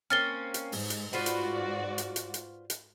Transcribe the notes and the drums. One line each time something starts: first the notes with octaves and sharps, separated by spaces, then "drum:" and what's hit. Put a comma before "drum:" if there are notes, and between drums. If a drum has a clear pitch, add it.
A#3 C4 C#4 F6 A6 G7
drum: hi-hat
G#2, drum: open hi-hat
drum: hi-hat
G#2 F4 F#4 B4 C5 D5
drum: hi-hat
drum: hi-hat
drum: hi-hat
drum: hi-hat
drum: hi-hat